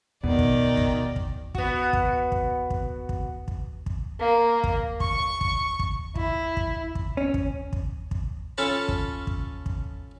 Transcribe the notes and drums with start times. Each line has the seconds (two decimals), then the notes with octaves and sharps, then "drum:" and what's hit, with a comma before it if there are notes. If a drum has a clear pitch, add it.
0.23 E2 B2 D#3 D5
0.39 drum: kick
0.77 drum: kick
1.16 drum: kick
1.55 B3 F#4, drum: kick
1.93 drum: kick
2.32 drum: kick
2.70 drum: kick
3.09 drum: kick
3.48 drum: kick
3.86 drum: kick
4.20 A#3
4.64 drum: kick
5.00 C#6, drum: kick
5.41 drum: kick
5.79 drum: kick
6.15 E4, drum: kick
6.57 drum: kick
6.95 drum: kick
7.17 C#4
7.34 drum: kick
7.73 drum: kick
8.11 drum: kick
8.58 C#4 F4 A4 C#5 A5 B5
8.88 drum: kick
9.27 drum: kick
9.66 drum: kick